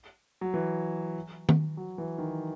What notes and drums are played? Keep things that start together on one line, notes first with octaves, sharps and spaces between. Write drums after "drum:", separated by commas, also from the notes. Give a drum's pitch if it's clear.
F#3
E3
drum: tom
F#3
E3
D#3